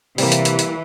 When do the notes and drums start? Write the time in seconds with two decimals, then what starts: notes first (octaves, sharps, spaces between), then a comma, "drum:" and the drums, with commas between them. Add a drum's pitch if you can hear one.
0.18 C3 E3 G3 A#3, drum: open hi-hat
0.32 drum: hi-hat
0.45 drum: hi-hat
0.59 drum: hi-hat